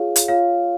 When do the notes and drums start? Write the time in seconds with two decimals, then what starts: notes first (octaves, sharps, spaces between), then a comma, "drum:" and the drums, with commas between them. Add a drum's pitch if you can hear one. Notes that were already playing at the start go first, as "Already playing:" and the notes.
Already playing: F4 G#4 C#5 F5
0.16 drum: hi-hat
0.28 F4 C#5 F5